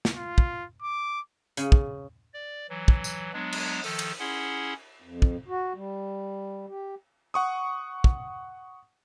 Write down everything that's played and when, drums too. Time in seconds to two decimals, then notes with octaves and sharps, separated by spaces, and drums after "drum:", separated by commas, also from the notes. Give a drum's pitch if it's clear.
0.05 drum: snare
0.15 F4
0.38 drum: kick
0.82 D6
1.57 C#3, drum: hi-hat
1.72 drum: kick
2.34 D5
2.70 E3 F#3
2.88 drum: kick
3.04 drum: tambourine
3.33 F#3 G#3 B3 D4
3.52 drum: cymbal
3.84 D#3 F3 A4, drum: open hi-hat
3.99 drum: cymbal
4.20 C#4 E4 G#4 F#5 C6
5.02 F2
5.22 drum: kick
5.48 F#4
5.74 G3
6.67 G4
7.34 F#5 C#6 D#6
8.04 drum: kick